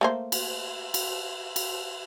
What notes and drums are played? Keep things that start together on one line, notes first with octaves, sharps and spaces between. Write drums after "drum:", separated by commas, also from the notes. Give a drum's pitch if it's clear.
A3 A#3 C5
drum: cymbal
drum: cymbal
drum: cymbal